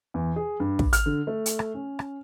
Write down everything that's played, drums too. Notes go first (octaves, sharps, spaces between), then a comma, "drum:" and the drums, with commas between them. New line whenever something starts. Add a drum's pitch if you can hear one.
E2
G#4
G2
drum: kick
F6, drum: hi-hat
D3
A3
drum: hi-hat
drum: rim click
C#4
drum: rim click